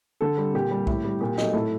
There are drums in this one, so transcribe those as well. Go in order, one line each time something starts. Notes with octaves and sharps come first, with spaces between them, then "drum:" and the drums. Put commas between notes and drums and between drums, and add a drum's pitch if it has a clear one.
D3 A4
G3
A#2 G4
G3
A2, drum: kick B1
G3
A#2 G4
F#3 A3 D#4, drum: snare
A2 A4